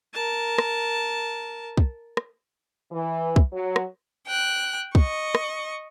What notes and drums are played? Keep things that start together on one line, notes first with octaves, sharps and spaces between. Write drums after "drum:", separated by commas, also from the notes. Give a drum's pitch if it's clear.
A#4 A5
drum: rim click
drum: kick
drum: rim click
E3
drum: kick
F#3
drum: rim click
G5 F#6
D#5 C#6, drum: kick
drum: rim click